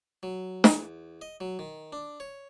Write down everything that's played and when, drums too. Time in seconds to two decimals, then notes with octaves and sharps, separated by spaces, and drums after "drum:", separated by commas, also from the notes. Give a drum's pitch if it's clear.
0.23 F#3
0.64 E2, drum: snare
1.21 D#5
1.40 F#3
1.59 D#3
1.92 D4
2.20 C#5